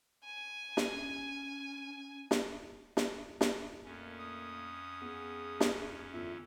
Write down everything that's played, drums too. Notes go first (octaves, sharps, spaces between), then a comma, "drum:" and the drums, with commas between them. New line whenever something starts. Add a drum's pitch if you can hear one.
G#5
drum: snare
C#4
drum: snare
drum: snare
drum: snare
F2 A#2 A3 A#3 C#4
D#6
B3 G#4
drum: snare
E2 A2 D3 F4 E5